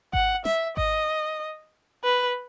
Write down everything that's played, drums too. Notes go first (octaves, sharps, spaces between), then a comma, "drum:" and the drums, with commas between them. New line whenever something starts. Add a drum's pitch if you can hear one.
F#5, drum: kick G#1
E5, drum: snare
D#5, drum: kick G#1
B4